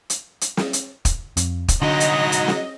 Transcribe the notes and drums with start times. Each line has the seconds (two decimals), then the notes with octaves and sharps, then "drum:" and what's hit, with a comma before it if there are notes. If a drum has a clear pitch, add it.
0.10 drum: hi-hat
0.41 drum: hi-hat
0.57 drum: snare
0.73 drum: hi-hat
1.05 drum: kick, hi-hat
1.37 F2, drum: hi-hat
1.68 drum: kick, hi-hat
1.82 C2 D3 F#3 D#4 F#4 D#5 A#5
2.00 drum: hi-hat
2.32 drum: hi-hat
2.48 drum: snare